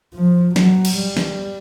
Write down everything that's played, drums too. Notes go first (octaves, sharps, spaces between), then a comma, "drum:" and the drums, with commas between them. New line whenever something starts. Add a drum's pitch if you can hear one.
F3
F#3, drum: snare
drum: cymbal
G3
drum: snare